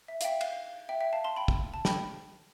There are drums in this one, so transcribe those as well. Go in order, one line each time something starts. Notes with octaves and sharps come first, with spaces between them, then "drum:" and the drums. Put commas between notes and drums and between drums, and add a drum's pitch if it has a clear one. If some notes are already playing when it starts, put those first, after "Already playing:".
E5
F5, drum: hi-hat
E5 G5
F5, drum: cymbal
E5 G5
E5 G5
F5 A5
A5 C6
G5 B5
drum: kick
A5
G5 B5, drum: snare